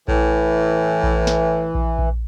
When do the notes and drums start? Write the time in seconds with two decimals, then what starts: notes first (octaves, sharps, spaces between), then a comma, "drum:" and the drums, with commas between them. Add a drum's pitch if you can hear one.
0.08 A2 E3, drum: kick A#1
1.03 drum: kick A#1
1.27 drum: snare
1.75 drum: kick A#1
1.98 drum: kick A#1